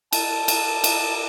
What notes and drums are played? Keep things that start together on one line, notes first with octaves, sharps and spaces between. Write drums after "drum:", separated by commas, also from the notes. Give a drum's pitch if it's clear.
A5, drum: cymbal
drum: cymbal
drum: cymbal